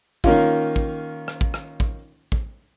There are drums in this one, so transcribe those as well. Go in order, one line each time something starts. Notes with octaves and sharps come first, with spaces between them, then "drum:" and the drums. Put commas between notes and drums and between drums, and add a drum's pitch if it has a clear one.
D#3 A#3 C#4 F4, drum: kick
drum: kick
drum: rim click
drum: kick
drum: rim click
drum: kick
drum: kick